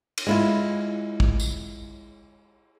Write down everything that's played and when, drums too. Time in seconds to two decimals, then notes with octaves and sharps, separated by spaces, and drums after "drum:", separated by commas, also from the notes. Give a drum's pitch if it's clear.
0.18 drum: cymbal
0.27 G#3 E4 F4
1.20 drum: kick
1.40 drum: tambourine